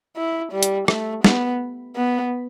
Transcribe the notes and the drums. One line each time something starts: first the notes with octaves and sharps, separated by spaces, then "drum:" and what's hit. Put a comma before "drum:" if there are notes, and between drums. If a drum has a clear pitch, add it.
E4
G3
drum: hi-hat
A3, drum: rim click
B3, drum: snare
B3